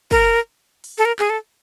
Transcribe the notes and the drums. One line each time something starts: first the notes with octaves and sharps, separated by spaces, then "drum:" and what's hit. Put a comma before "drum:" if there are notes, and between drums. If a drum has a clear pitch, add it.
A#4, drum: kick
drum: open hi-hat
A4
A#4
G#4, drum: clap
A4